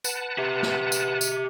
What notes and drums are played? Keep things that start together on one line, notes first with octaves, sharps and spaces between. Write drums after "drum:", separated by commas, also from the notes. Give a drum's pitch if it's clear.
B4 F#5 A5, drum: tambourine
G4 E5
drum: snare
drum: tambourine
drum: tambourine